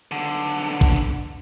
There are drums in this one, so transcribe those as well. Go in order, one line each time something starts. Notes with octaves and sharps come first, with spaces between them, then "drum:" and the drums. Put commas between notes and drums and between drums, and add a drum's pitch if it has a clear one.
B1 D3
drum: kick A1